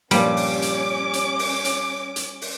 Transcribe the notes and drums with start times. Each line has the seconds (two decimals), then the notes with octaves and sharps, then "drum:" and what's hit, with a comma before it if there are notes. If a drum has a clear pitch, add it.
0.11 G2 A#2 F3 G3 C#4 D6, drum: hi-hat
0.37 drum: open hi-hat
0.62 drum: hi-hat
1.13 drum: hi-hat
1.39 drum: open hi-hat
1.65 drum: hi-hat
2.16 drum: hi-hat
2.41 drum: open hi-hat